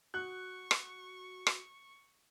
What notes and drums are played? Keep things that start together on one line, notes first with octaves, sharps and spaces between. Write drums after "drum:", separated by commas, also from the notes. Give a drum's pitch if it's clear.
F#4 C#6 F#6
drum: rim click
drum: rim click